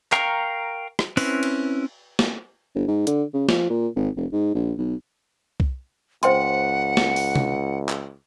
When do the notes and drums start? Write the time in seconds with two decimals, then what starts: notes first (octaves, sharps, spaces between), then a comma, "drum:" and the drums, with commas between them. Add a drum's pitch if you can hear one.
0.12 A#4 F5 G5 A#5 C#6, drum: clap
0.99 drum: rim click
1.17 C4 C#4 E4 B4, drum: open hi-hat
1.43 drum: cymbal
2.19 drum: snare
2.75 G1
2.88 G#2
3.07 D3, drum: hi-hat
3.34 C#3
3.49 F3, drum: snare
3.70 A#2
3.96 G#1
4.16 F1
4.32 G#2
4.55 A#1
4.78 B1
5.60 drum: kick C2
6.23 C#2 C5 F#5 G5 C6, drum: hi-hat
6.97 drum: snare
7.16 drum: open hi-hat
7.36 drum: tom C3
7.89 drum: clap